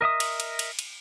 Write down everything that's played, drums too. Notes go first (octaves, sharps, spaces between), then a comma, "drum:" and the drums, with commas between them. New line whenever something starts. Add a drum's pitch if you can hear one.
A#4 D#5 E5 D#6
drum: cymbal
drum: cymbal
drum: cymbal
drum: cymbal